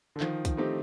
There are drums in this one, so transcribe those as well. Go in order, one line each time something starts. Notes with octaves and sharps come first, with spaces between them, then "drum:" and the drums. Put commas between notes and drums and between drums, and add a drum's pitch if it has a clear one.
D3
D#3 F3, drum: clap
drum: kick, hi-hat
A3 C4 D#4 G4